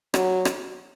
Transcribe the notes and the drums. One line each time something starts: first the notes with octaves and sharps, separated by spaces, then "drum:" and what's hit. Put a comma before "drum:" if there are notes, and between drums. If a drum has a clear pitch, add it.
F#3, drum: rim click
drum: rim click